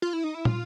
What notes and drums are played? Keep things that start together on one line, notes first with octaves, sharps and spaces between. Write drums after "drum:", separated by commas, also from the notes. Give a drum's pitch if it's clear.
F4
E4
D#4
E4
F4, drum: tom